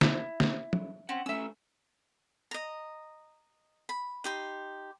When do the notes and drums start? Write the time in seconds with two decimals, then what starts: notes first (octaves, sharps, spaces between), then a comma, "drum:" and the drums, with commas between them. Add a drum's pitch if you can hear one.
0.01 E4, drum: snare
0.40 drum: snare
0.73 drum: tom
1.09 C4 C#4 F#5
1.26 A3 C#4 E5 E6
2.51 D#5 A#5
3.89 B5
4.24 D#4 G4 C6